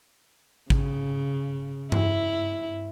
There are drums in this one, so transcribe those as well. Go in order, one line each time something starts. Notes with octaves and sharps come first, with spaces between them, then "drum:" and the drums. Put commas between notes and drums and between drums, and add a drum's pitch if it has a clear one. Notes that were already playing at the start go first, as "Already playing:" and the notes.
C#3, drum: kick
E4, drum: tom G2